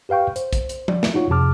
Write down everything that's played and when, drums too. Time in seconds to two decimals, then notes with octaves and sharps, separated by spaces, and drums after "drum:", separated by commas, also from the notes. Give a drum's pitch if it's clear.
0.09 G4 B4 F5 G5 C#6
0.36 C5, drum: hi-hat
0.53 drum: kick, hi-hat
0.69 drum: hi-hat
0.88 F#4 D5, drum: tom F3
1.03 drum: snare
1.14 D#4 F4 F#4 C#5
1.30 F2 C3 G#4 A5 D6 F6